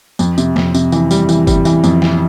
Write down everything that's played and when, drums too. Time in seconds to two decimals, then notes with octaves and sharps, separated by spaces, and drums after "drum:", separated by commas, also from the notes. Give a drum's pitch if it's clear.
0.19 F2, drum: tambourine
0.38 C3, drum: tambourine
0.56 F2, drum: snare
0.75 C3, drum: tambourine
0.92 E3, drum: tambourine
1.11 G3, drum: tambourine
1.29 E3, drum: tambourine
1.47 G3, drum: kick G1, tambourine
1.65 E3, drum: tambourine
1.84 F2, drum: tambourine
2.02 E3, drum: snare